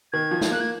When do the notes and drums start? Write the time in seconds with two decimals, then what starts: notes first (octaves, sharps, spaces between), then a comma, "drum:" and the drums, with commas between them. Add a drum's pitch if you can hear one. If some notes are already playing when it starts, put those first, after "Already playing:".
0.12 D#3 G#6
0.31 F3
0.41 drum: snare
0.51 A#3 F#6
0.61 G#6